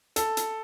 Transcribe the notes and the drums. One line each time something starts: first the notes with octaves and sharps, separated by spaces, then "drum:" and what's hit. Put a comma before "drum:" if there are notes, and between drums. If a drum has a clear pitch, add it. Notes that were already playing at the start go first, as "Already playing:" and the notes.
A4, drum: hi-hat
drum: hi-hat